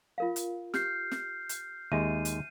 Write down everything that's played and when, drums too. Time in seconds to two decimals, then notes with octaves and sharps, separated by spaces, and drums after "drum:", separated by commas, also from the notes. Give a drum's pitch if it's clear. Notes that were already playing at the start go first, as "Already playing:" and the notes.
0.18 F4 A#4 F5
0.36 drum: hi-hat
0.74 G4 F6 G6 C7, drum: snare
1.11 drum: snare
1.49 drum: hi-hat
1.92 D#2 G#3 E5 D#7
2.25 drum: hi-hat